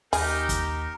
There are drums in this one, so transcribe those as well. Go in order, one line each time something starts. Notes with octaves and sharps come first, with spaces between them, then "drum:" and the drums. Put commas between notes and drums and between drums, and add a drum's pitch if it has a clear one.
D#2 D#4 G4 G#4 A#4, drum: open hi-hat
drum: kick, hi-hat